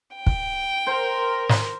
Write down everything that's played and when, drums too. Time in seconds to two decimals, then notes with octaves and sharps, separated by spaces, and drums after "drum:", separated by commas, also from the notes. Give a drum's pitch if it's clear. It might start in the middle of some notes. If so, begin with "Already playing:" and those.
0.15 G5
0.26 drum: kick
0.87 A#4 C5
1.49 drum: snare